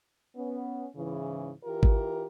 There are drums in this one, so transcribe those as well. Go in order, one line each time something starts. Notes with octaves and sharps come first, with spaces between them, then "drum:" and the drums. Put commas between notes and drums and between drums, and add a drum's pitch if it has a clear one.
B3 C#4
G#2 C#3 E3
E3 F4 G4 A#4
drum: kick G#1